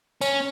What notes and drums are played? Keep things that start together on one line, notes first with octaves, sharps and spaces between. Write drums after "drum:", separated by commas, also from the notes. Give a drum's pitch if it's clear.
C#4, drum: tambourine